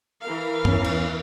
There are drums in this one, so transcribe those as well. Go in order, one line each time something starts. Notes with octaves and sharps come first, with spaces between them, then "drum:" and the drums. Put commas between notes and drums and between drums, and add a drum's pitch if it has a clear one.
E3 A#4 F5
E2 C#4, drum: tom G2
drum: cymbal